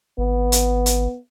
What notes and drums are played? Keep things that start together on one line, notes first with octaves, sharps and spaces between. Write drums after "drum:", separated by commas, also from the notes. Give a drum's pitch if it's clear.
G#1 B3
drum: hi-hat
drum: hi-hat